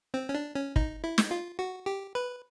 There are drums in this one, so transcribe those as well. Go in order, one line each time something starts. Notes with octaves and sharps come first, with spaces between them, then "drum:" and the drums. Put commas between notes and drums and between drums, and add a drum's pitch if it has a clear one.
C4
C#4
D4
C#4
D#4, drum: kick
E4
drum: snare
F4
F#4
G4
B4